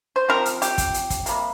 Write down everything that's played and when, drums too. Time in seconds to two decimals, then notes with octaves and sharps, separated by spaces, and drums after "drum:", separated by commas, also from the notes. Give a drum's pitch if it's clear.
0.16 C5
0.29 F3 C4 A#4
0.45 drum: hi-hat
0.62 G4, drum: hi-hat
0.78 drum: kick, hi-hat
0.94 drum: hi-hat
1.10 drum: kick, hi-hat
1.26 C3 G3 A#3, drum: hi-hat